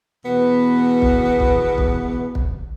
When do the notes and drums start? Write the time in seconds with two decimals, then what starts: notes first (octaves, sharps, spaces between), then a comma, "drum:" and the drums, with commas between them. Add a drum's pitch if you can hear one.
0.26 E2 B2 B3
1.02 drum: kick
1.40 drum: kick
1.78 drum: kick
2.35 drum: kick